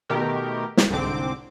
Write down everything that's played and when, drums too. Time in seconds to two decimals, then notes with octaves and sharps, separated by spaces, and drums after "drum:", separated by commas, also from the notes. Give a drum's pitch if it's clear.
0.09 B2 D#3 A3 G4 A#4
0.77 drum: snare
0.90 C2 G#2 D3 C4 D6